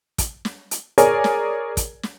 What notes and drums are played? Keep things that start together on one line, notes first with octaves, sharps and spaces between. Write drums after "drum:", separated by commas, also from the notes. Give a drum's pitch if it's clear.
drum: kick, hi-hat
drum: snare
drum: hi-hat
G#4 A#4 C#5 D5 G#5, drum: hi-hat
drum: snare
drum: kick, hi-hat
drum: snare